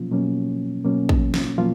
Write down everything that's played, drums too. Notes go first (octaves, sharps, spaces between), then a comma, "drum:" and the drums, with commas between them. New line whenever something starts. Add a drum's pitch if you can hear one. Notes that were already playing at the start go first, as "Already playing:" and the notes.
Already playing: B2 F3 F#3 A#3 C#4 F4
B2 F#3 A#3 C#4
B2 F#3 A#3 C#4
drum: kick
drum: snare
B2 F3 F#3 A#3 F4